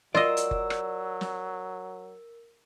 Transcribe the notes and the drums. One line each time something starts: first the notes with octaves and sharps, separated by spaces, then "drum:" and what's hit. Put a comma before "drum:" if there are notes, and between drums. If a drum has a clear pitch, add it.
F#3 F4 A#4 D5 D#5 E6, drum: snare
drum: hi-hat
drum: kick F#1
drum: rim click
drum: snare